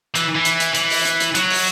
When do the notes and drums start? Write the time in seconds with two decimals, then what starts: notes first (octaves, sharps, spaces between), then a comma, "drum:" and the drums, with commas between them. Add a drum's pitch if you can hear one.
0.15 E3, drum: hi-hat
0.36 E3
0.45 drum: hi-hat
0.60 drum: hi-hat
0.75 E3, drum: hi-hat
0.90 drum: open hi-hat
1.05 drum: hi-hat
1.20 drum: hi-hat
1.35 F#3, drum: hi-hat
1.50 drum: open hi-hat